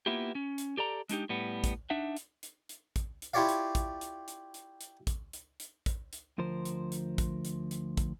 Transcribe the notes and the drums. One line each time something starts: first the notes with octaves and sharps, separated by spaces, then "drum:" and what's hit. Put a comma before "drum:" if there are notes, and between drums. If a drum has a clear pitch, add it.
A#3 B3 E4 F4 G4
C#4
drum: hi-hat
G4 A4 D5 A#5
G#3 D4 D#4 G4, drum: hi-hat
A2 G3 B3
drum: kick, hi-hat
D4 D#4 E5 F#5
drum: hi-hat
drum: hi-hat
drum: hi-hat
drum: kick, hi-hat
drum: hi-hat
E4 F4 G4 C#5 D5 F5
drum: hi-hat
drum: kick, hi-hat
drum: hi-hat
drum: hi-hat
drum: hi-hat
drum: hi-hat
drum: kick, hi-hat
drum: hi-hat
drum: hi-hat
drum: kick, hi-hat
drum: hi-hat
D2 F3 A#4 C5
drum: hi-hat
drum: hi-hat
drum: kick, hi-hat
drum: hi-hat
drum: hi-hat
drum: kick, hi-hat